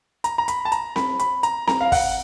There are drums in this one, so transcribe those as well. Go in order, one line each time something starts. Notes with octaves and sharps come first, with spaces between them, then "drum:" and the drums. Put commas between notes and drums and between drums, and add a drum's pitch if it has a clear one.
A#5, drum: hi-hat
A#5
B5, drum: hi-hat
A5
A#5, drum: hi-hat
B5, drum: snare C4
B5, drum: hi-hat
A#5, drum: hi-hat
A#5, drum: snare C4
F5
F#5, drum: kick, open hi-hat